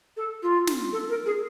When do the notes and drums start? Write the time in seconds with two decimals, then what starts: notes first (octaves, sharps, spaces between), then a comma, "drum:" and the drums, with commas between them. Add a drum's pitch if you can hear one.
0.17 A4
0.42 F4
0.67 drum: snare
0.92 A4
1.09 A#4
1.26 G#4